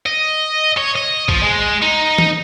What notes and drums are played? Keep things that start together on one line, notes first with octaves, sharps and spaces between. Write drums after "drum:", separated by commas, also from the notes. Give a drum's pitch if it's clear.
D#5
C#5
D#5
F3, drum: kick G#1
G#3
D#4
drum: tom E3